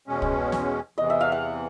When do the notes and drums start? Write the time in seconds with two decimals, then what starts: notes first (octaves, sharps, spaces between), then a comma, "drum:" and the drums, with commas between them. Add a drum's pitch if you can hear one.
0.07 E2 B2 G#3 C#4
0.22 drum: kick
0.52 drum: snare
0.98 E2 C3 E3 D#5
1.10 E5
1.21 F5
1.32 F#5